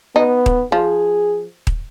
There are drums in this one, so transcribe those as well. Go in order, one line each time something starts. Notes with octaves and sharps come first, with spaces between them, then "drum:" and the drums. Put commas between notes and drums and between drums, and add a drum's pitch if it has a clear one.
B3 D#4
drum: kick D#1
F3 G#4
drum: kick D#1